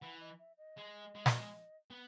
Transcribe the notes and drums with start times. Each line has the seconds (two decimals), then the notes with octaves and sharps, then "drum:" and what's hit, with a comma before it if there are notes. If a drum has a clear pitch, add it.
0.01 E3 F#5
0.21 D#5
0.39 E5
0.58 D#5
0.77 G#3
1.15 G#3
1.26 F#3, drum: snare
1.36 G#3
1.90 B3